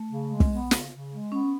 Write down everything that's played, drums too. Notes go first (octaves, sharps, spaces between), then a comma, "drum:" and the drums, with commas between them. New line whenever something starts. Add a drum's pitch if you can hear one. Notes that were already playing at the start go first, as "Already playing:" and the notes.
Already playing: A3
C#3
G#3
drum: kick
B3
C#3, drum: snare
C#3
G#3
B3 C#4